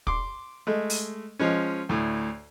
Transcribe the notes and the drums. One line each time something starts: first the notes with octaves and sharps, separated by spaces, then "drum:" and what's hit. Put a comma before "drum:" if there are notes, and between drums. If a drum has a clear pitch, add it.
C6 D6, drum: kick
G#3 A3
drum: open hi-hat
F3 G#3 C#4
D2 A2